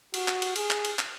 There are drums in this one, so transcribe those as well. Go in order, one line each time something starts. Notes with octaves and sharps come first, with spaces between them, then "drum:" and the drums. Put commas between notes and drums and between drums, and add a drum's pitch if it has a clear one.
F#4, drum: cymbal
drum: clap
drum: cymbal
G#4, drum: cymbal
drum: clap
drum: cymbal
drum: clap